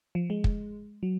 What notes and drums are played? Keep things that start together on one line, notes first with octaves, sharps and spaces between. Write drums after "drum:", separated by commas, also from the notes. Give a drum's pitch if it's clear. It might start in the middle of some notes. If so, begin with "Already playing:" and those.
F3
G#3
drum: kick
F#3